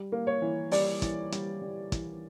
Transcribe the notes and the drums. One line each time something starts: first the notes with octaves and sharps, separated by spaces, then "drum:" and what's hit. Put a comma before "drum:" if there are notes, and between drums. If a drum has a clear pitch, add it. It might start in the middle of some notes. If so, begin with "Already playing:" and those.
Already playing: G3
A#3
C#5
E3
G3 D5, drum: open hi-hat
E3, drum: kick, hi-hat
G3, drum: hi-hat
G3
E3, drum: kick, hi-hat